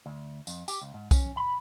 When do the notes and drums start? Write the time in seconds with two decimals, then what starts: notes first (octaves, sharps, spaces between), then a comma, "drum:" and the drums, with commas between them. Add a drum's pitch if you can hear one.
0.06 D2
0.47 F2, drum: tambourine
0.68 G4, drum: tambourine
0.82 C#2
0.94 G#2
1.11 C#4, drum: kick B1, tambourine
1.37 B5